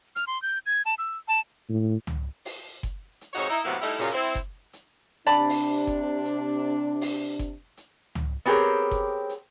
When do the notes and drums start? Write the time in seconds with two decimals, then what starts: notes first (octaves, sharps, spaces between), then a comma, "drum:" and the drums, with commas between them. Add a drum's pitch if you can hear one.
0.16 F6, drum: hi-hat
0.27 C6
0.42 G6
0.66 G#6
0.86 A5
0.98 E6
1.28 A5
1.69 A2
2.07 drum: tom
2.45 drum: open hi-hat
2.83 drum: kick F#1, hi-hat
3.21 drum: hi-hat
3.34 F2 G#2 D#4 F#4 C#5
3.49 D#4 E4
3.65 A2 C3 F#3 A#3 B3 E4
3.81 G3 A3 D#4 E4
3.99 F#2 A#2 C#3, drum: open hi-hat
4.13 C4 E4
4.35 drum: kick F#1, hi-hat
4.73 drum: hi-hat
5.26 C3 D4 D5 A5 B5
5.49 drum: open hi-hat
5.87 drum: kick F#1, hi-hat
6.25 drum: hi-hat
7.01 drum: open hi-hat
7.39 drum: kick F#1, hi-hat
7.77 drum: hi-hat
8.15 drum: tom
8.46 B3 C4 G4 G#4 A#4 C#5
8.91 drum: kick F#1, hi-hat
9.29 drum: hi-hat